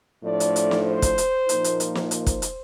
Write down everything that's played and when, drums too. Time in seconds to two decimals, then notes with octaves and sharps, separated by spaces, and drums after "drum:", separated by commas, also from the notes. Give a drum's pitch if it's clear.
0.24 A2 F3 A3 D4 D5
0.40 drum: hi-hat
0.56 drum: hi-hat
0.71 drum: snare
0.87 C5
1.02 drum: kick, hi-hat
1.18 drum: hi-hat
1.49 A#2 F3 A#3 D#4, drum: hi-hat
1.64 drum: hi-hat
1.80 drum: hi-hat
1.95 drum: snare
2.11 C5, drum: hi-hat
2.26 drum: kick, hi-hat
2.42 drum: hi-hat